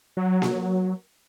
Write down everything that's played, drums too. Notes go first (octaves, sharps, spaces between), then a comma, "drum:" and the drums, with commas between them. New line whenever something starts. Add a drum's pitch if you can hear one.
F#3
drum: snare A#3